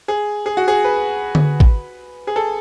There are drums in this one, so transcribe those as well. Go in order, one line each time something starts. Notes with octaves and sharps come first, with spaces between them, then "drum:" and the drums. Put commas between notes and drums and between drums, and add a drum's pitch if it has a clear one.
G#4
G#4
F#4
G#4
B4
drum: tom D3
drum: kick
G#4
A4